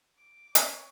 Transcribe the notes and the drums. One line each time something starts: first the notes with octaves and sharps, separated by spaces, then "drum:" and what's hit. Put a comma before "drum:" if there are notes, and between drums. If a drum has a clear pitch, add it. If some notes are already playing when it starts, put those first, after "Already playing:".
D6
C#5, drum: hi-hat